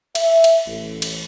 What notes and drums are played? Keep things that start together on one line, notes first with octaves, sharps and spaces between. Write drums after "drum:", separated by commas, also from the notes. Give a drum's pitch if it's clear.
E5, drum: cymbal
drum: cymbal
A1
drum: cymbal